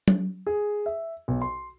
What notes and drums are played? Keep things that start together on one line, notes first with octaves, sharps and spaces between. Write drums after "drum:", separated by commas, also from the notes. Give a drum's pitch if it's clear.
drum: tom F#3
G#4
E5
B1
C6